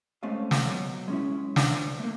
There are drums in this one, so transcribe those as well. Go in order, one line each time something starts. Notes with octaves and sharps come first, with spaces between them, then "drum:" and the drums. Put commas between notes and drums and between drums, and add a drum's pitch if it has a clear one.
G#3 A3 C4 C#4 F5
drum: snare
B2 F#3
G#3 C#4 E4
D2 D4, drum: snare
A3 A#3